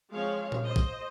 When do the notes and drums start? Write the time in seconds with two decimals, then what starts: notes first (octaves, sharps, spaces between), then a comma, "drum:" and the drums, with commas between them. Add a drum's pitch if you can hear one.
0.12 F3 G#3 C4 C#5 F5
0.52 drum: tom A#2
0.65 C5 D#5
0.76 drum: kick